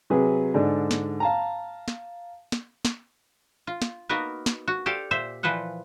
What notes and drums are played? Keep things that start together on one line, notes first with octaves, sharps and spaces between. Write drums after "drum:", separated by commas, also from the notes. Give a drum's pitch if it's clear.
C3 F#3 G#4 B4
G#2 D3 D4
drum: snare
F5 A5 A#5
drum: snare
drum: snare
drum: snare
F4
drum: snare
A#3 B3 D#4 F#4 A#4 B4
drum: snare
F#4
G4 A4 C5 D5 F5
A#2 C5 E5
A#2 E3 F3 B4 C5 F#5